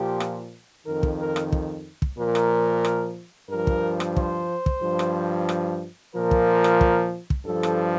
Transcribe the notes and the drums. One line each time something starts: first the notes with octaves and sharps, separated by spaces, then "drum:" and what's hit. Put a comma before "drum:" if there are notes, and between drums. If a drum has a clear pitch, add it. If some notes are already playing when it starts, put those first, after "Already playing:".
Already playing: A#2 F3 G4
drum: rim click
F2 D#3 A#4
drum: kick
A#4
drum: rim click
drum: kick
drum: kick
A#2 F3 A#4
drum: rim click
drum: rim click
G2 F3 A#4
drum: kick
drum: rim click
C5, drum: kick
drum: kick
G2 F3
drum: rim click
drum: rim click
A#2 F3 A#4
drum: kick
drum: rim click
drum: kick
drum: kick
G2 F3 A4
drum: rim click